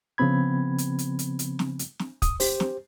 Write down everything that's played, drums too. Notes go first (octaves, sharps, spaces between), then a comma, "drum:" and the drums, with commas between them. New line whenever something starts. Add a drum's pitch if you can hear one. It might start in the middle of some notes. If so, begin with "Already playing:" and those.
C#3 F3 B3 C4 B5 G#6
drum: hi-hat
drum: hi-hat
drum: hi-hat
drum: hi-hat
drum: snare
drum: hi-hat
drum: snare
D#6, drum: kick, hi-hat
G4 C5, drum: open hi-hat
drum: snare